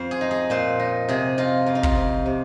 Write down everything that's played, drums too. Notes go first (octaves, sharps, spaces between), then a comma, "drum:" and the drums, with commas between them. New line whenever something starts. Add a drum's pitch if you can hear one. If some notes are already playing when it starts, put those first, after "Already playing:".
Already playing: F2 C5
G#4
D#4
G#4
A#2 C5
D#4
C3 G#4
D#4 F4
F2 F4
D#4
F4, drum: kick
F2
C3